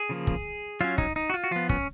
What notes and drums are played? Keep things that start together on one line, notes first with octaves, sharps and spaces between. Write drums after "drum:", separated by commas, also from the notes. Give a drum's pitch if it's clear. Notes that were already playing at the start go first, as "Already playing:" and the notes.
Already playing: G#4
C#3 F3 A#3
drum: kick
F#3 C#4 F4
D#4, drum: kick
D#4
F#4
F4
F#4
F3 B3 F4
C#4, drum: kick